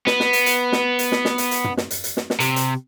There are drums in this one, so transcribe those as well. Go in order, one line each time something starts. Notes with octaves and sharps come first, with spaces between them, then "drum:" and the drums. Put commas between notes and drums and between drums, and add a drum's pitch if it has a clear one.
B3, drum: snare
drum: snare
drum: hi-hat
drum: hi-hat
drum: snare
drum: hi-hat
drum: snare
drum: snare
drum: hi-hat
drum: hi-hat
drum: tom
drum: snare
drum: hi-hat
drum: hi-hat
drum: snare
drum: snare
C3, drum: hi-hat
drum: hi-hat